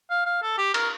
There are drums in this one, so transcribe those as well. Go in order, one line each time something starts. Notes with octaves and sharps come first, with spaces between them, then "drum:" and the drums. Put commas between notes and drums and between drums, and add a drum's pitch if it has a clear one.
F5
F5
A4
G4
A#4, drum: cymbal